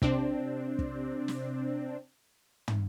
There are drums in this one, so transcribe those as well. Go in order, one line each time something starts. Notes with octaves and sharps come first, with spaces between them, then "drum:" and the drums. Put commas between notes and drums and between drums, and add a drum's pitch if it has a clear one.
C3 C4 D4, drum: kick
drum: kick
drum: snare
drum: tom